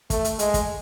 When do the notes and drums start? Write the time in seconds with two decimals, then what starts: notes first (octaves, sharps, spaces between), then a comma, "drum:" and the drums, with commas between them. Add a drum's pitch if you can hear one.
0.10 A3, drum: kick, hi-hat
0.25 drum: hi-hat
0.39 G#3, drum: hi-hat
0.54 drum: kick, hi-hat